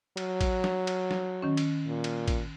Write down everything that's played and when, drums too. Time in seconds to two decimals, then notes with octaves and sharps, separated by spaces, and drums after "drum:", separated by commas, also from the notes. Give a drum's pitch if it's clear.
0.17 F#3, drum: cymbal
0.41 drum: kick A1, cymbal
0.64 drum: snare
0.87 drum: cymbal
1.11 drum: snare
1.42 D#3 C#4
1.57 drum: cymbal
1.87 A#2
2.04 drum: cymbal
2.28 drum: kick A1, cymbal